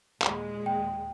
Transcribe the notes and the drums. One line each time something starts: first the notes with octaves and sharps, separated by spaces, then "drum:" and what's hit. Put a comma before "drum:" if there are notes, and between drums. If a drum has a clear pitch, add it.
D#2 A#2 G#3, drum: clap
G5